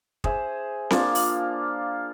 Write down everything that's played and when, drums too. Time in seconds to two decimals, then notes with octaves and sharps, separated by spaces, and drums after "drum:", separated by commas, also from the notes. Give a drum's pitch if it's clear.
0.24 G#4 C5 E5, drum: kick
0.90 F3 A#3 D4 F4, drum: snare C4
1.15 drum: open hi-hat